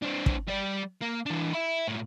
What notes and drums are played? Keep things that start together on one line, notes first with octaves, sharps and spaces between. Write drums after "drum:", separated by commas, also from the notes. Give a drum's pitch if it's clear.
C4 D4
drum: kick
G3 D5
A#3
E3 D4
E5 B5
A2 A#3